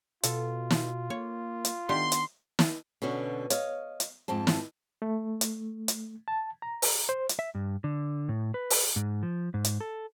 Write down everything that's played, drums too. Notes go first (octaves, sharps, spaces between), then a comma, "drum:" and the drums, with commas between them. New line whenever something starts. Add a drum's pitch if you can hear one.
B2 F4 A4, drum: hi-hat
drum: snare
A#3 C#5
drum: hi-hat
D#3 B3 D4 G4 C6
drum: hi-hat
drum: snare
B2 D3 C#4 F#4
C#5 D#5 F5, drum: hi-hat
drum: hi-hat
F2 G#2 C4 A5
drum: snare
A3
drum: hi-hat
drum: hi-hat
A5
A#5
drum: open hi-hat
C5
drum: hi-hat
E5
G2
D3
A2
B4
drum: open hi-hat
G#2
F3
G#2
drum: hi-hat
A4